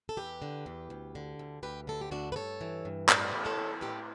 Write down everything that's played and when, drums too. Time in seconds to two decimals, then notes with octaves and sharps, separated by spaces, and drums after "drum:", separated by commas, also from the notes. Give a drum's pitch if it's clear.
0.09 A4
0.17 E2 G4 B4
0.42 D3
0.66 E2
0.90 D2
1.15 D3
1.39 D2
1.63 D2 G4 B4
1.87 D3 A4
2.01 G4
2.11 D2 D4 F#4
2.32 B4
2.36 G2 A4 C#5
2.61 E3
2.85 G2
3.09 A2 B4 D5, drum: clap
3.34 E3
3.45 A4 C#5
3.58 A2
3.81 A2 G4 B4